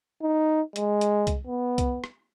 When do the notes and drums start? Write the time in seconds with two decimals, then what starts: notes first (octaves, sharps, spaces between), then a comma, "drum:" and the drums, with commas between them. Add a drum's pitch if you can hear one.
0.22 D#4
0.76 G#3, drum: hi-hat
1.01 drum: hi-hat
1.27 drum: kick C2, hi-hat
1.47 B3
1.78 drum: kick C2, hi-hat
2.04 drum: rim click